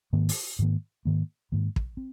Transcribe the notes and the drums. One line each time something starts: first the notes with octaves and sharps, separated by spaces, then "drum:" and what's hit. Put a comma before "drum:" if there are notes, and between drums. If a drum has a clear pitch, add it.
G#2 D#3 A#3
drum: open hi-hat
G#2 D#3 A#3
G#2 D#3 A#3
G#2 D#3 A#3
drum: kick
C4